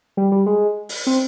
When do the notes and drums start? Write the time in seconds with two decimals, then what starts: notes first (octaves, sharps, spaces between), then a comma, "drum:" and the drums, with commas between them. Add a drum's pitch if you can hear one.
0.17 G3
0.32 G3
0.46 G#3
0.89 drum: open hi-hat
1.07 C4